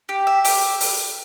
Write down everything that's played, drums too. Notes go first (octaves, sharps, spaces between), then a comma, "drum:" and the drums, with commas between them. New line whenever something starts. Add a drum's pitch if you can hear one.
G4
E5
G4, drum: open hi-hat
drum: open hi-hat